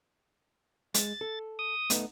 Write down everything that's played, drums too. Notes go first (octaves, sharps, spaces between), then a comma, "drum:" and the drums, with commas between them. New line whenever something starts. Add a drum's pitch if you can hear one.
G#3 A6, drum: hi-hat
A4
D#6
A3 B3 D#4, drum: hi-hat